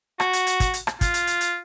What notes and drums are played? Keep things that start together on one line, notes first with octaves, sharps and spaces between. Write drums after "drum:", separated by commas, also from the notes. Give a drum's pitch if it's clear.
F#4, drum: rim click
drum: hi-hat
drum: hi-hat
drum: kick, hi-hat
drum: hi-hat
drum: rim click
F4, drum: kick, hi-hat
drum: hi-hat
drum: hi-hat
drum: hi-hat